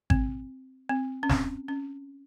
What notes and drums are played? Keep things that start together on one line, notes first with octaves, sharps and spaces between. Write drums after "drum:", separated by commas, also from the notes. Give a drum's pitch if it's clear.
C4, drum: kick G#1
C4
C#4
C4, drum: snare
C#4